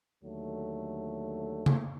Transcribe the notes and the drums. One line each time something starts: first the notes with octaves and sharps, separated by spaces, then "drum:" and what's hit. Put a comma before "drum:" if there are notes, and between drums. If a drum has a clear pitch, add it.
D#2 D3 F#3 A3
drum: tom C#3